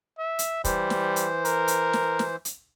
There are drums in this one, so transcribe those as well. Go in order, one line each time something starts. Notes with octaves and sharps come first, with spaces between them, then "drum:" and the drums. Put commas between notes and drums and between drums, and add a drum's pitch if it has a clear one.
E5
drum: hi-hat
E3 G3 C5, drum: kick, hi-hat
drum: snare
drum: hi-hat
A#4, drum: hi-hat
drum: hi-hat
drum: snare
drum: snare
drum: hi-hat